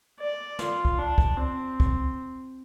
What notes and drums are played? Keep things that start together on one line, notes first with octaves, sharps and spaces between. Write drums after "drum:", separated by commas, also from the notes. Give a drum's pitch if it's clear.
D5
F4, drum: snare
drum: kick
D4
drum: kick
C4
drum: kick